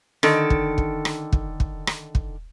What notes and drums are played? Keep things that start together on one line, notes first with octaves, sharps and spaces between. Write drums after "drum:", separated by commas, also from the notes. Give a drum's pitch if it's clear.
D3 D#3 A4, drum: rim click
drum: kick
drum: kick
drum: rim click
drum: kick
drum: kick
drum: rim click
drum: kick